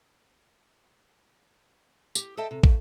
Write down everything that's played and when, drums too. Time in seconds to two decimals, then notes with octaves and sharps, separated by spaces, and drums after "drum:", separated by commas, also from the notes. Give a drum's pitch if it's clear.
2.15 G4, drum: tambourine
2.37 A4 D#5 E5 G5 A5
2.51 C3
2.63 C#3, drum: kick